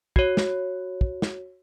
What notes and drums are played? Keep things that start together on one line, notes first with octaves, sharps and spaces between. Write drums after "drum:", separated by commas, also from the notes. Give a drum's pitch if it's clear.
F#4 C#5, drum: kick
drum: snare
drum: kick
drum: snare